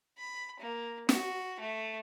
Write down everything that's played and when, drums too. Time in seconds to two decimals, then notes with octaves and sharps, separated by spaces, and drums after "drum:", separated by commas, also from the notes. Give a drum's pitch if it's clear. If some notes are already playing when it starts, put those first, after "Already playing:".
0.19 B5
0.59 A#3
1.09 F#4, drum: snare
1.60 A3